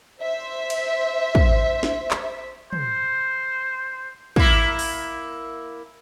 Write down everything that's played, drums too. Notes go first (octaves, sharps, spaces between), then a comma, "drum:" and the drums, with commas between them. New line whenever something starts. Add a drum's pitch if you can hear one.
C5 E5
drum: cymbal
drum: kick
drum: snare
drum: clap
C5, drum: tom
A#3 E4, drum: kick
drum: open hi-hat